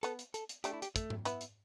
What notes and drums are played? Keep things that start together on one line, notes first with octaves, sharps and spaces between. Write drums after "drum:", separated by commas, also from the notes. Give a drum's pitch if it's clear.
B3 A4, drum: hi-hat
drum: hi-hat
A4, drum: hi-hat
drum: hi-hat
A3 D4 G4, drum: hi-hat
E4
G4, drum: hi-hat
A3, drum: kick, hi-hat
drum: tom G#2
B3 E4, drum: hi-hat
drum: hi-hat